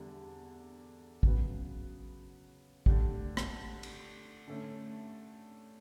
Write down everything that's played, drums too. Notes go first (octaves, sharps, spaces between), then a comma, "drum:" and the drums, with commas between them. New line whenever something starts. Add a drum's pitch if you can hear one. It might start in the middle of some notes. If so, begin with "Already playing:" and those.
Already playing: E2 D3 G3 D4
C#3 F#3 B3, drum: kick A1
D3 A3 D4 G4, drum: kick A1
drum: rim click
drum: cymbal
D3 A3 C#4